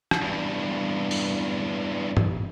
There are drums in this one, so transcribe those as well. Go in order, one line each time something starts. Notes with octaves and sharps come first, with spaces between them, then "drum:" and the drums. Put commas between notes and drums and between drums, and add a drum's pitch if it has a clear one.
drum: rim click
E2 G2
drum: open hi-hat
drum: tom G#2